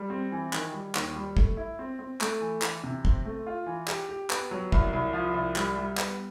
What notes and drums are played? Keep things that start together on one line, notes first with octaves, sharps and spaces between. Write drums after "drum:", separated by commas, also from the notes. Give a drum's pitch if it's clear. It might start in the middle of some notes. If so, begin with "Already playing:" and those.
Already playing: G3
C4
E3
D#3, drum: clap
G3
D#2, drum: clap
G3
A3, drum: kick
E4
C4
C4
A3, drum: clap
E3
E3, drum: clap
C3
C4, drum: kick
A3
F4
E3
G4, drum: clap
G4
B3, drum: clap
F#3
C2, drum: kick
C2
F3
C2
G3, drum: clap
G3
B3, drum: clap